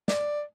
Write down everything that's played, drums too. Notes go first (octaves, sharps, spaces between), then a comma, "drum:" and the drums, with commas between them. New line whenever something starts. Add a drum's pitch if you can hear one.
D5, drum: snare